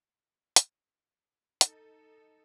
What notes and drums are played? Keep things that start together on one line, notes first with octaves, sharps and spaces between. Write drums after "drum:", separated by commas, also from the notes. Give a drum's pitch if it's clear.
drum: hi-hat
D#4 A4, drum: hi-hat